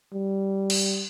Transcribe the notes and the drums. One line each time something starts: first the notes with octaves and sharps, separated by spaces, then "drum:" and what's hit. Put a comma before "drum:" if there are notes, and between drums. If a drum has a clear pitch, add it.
G3
drum: cymbal